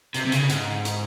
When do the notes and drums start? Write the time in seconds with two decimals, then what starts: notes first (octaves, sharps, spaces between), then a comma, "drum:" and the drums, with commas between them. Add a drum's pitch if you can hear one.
0.14 C3, drum: hi-hat
0.25 C3
0.32 C#3, drum: hi-hat
0.50 G#2, drum: hi-hat
0.85 drum: hi-hat